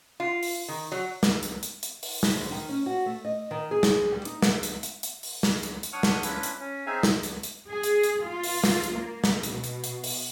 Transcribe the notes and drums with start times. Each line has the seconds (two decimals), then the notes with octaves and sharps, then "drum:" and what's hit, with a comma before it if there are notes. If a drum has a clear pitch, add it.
0.20 F4
0.43 drum: open hi-hat
0.68 D#3
0.92 F#3
1.23 drum: snare
1.43 drum: hi-hat
1.63 drum: hi-hat
1.83 drum: hi-hat
2.03 drum: open hi-hat
2.23 drum: snare
2.36 D2
2.50 D#3
2.69 C#4
2.86 F#4
3.06 A3
3.25 D#5
3.51 D#3
3.71 G#4
3.83 drum: snare
4.12 G3
4.25 D#4, drum: hi-hat
4.42 E5, drum: snare
4.63 drum: hi-hat
4.83 drum: hi-hat
5.03 drum: hi-hat
5.23 drum: open hi-hat
5.43 drum: snare
5.63 drum: hi-hat
5.83 drum: hi-hat
5.93 D4 C#5 F#5 C#6 D#6 F6
6.03 drum: snare
6.23 C#4 D4 E4 F4 B4, drum: hi-hat
6.43 drum: hi-hat
6.60 C#4
6.87 C4 D#4 G#4 E5 F5 G#5
7.03 drum: snare
7.23 drum: hi-hat
7.43 drum: hi-hat
7.69 G#4
7.83 drum: hi-hat
8.03 drum: hi-hat
8.27 F4
8.44 drum: open hi-hat
8.64 drum: snare
8.84 drum: hi-hat
8.98 A#3
9.24 drum: snare
9.43 B2, drum: hi-hat
9.64 drum: hi-hat
9.84 drum: hi-hat
10.04 drum: open hi-hat